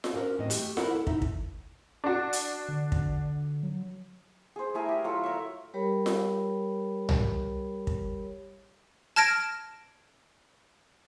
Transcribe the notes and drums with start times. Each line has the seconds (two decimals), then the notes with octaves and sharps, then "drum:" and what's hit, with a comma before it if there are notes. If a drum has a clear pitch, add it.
0.04 drum: snare F4
0.13 C#4 D4 F#4 A#4 C5
0.38 E2 A2 C4 D#5
0.50 A3 G4, drum: hi-hat
0.77 E4 A4 A#4 F#5, drum: snare F4
0.95 A4
1.07 D#4 E4 E5, drum: kick
1.22 drum: kick
2.04 D4 F#4
2.33 drum: hi-hat
2.68 D3
2.92 drum: kick
3.63 F#3
4.56 G#4 C5
4.74 A3 E4 G#4 A#4
4.89 G4
5.04 F#3 F4 A4 E6
5.24 A#4 C#5 E5
5.74 G3 G4 A#4 C#5 B5
6.06 drum: snare F4
7.09 drum: tom C2
7.87 drum: kick
9.16 A5 F6 G#6 A#6 D7